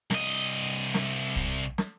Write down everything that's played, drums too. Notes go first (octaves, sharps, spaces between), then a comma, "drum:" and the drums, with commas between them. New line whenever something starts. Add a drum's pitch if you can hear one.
C2 D#5, drum: snare
drum: snare
drum: kick
drum: snare